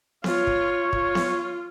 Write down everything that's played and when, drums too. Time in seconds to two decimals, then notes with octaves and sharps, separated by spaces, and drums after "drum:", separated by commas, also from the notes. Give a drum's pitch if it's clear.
0.24 F4 C#5, drum: snare B3
0.47 drum: kick
0.93 F4, drum: kick
1.15 drum: snare B3